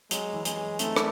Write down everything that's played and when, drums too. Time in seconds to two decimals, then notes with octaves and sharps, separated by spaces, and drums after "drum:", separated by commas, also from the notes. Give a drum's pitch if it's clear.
0.11 F#3 G#3, drum: hi-hat
0.33 E3
0.45 G#3, drum: hi-hat
0.56 F#3
0.79 A3 C4 D#4, drum: hi-hat
0.96 drum: rim click